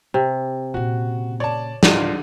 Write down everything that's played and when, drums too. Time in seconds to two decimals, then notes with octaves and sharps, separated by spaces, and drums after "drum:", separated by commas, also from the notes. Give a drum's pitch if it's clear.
0.14 C3
0.74 A#2 C#3 F#4
1.40 C#5 D5 A5
1.83 C#2 G#2 D3 F4 D5 D#7, drum: snare